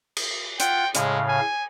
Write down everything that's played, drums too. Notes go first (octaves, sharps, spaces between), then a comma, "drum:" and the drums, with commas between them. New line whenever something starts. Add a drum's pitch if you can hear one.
drum: cymbal
F4 F#5 G5, drum: hi-hat
A2 C#3 G#3 F5, drum: hi-hat
G#5